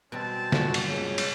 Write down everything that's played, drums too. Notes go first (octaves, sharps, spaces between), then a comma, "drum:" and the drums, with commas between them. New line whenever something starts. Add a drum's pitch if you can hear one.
B2 G3 G#3 C4 A5
G2 F#3 A#3 F4 F#4, drum: snare
drum: cymbal
C#2 G#4 C#5
drum: cymbal